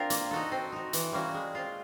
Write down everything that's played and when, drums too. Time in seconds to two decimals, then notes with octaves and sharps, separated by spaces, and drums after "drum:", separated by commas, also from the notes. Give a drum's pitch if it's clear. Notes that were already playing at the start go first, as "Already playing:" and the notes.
Already playing: C4 D4 F4 A#4
0.10 A#3, drum: hi-hat
0.31 D#4 F#4 A4
0.52 C4
0.72 D#4 F#4
0.93 E3, drum: hi-hat
1.12 G3 A#3 C#4 F#4
1.34 G#3
1.55 C4 F4